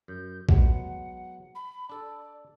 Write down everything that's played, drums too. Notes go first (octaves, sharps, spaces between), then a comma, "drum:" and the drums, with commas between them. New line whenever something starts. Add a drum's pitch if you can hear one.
F#2 G6
F#3 G#3 B3 F#5, drum: kick A#1
B5
D4 A4 D5